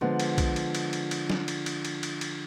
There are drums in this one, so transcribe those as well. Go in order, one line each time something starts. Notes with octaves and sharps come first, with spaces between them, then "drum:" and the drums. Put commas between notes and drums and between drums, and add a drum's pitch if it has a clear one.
D3 F3 G#3 B3
drum: cymbal
drum: kick, cymbal
drum: cymbal
drum: cymbal
drum: cymbal
drum: cymbal
drum: snare
drum: cymbal
drum: cymbal
drum: cymbal
drum: cymbal
drum: cymbal